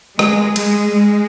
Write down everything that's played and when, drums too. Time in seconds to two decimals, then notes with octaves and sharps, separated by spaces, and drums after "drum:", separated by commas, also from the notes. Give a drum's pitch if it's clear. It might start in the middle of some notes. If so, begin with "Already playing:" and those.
0.19 G#3, drum: rim click
0.56 G#3, drum: cymbal
0.93 G#3